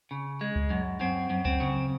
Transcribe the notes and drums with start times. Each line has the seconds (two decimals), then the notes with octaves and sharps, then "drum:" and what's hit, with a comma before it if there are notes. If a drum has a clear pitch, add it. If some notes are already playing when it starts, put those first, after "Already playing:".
0.11 C#3
0.41 G#3
0.56 drum: kick C#2
0.70 F#2
1.00 F#2 C4
1.30 F#2
1.45 C4, drum: kick C#2
1.60 C#3